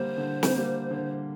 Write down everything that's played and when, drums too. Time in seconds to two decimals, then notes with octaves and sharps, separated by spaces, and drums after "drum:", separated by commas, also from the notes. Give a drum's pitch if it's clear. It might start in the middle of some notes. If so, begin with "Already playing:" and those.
Already playing: D3 G3 A#3 C5
0.17 D3
0.43 drum: snare
0.54 G3 A#3
0.91 D3